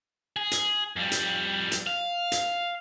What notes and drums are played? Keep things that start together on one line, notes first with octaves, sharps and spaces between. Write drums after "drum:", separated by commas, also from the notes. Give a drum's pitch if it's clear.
G#4
drum: hi-hat
F2 G3
drum: hi-hat
drum: hi-hat
F5
drum: hi-hat